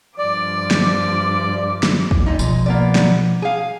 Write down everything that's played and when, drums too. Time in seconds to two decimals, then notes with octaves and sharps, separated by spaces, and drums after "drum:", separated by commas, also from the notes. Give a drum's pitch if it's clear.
0.18 G2 F3 D5 D6
0.71 drum: snare
1.83 drum: snare
2.11 drum: kick
2.26 A#2 D#4
2.39 B2 F3 G#3, drum: tambourine
2.66 A#3 B3 D5
2.95 drum: snare
3.42 G#4 F5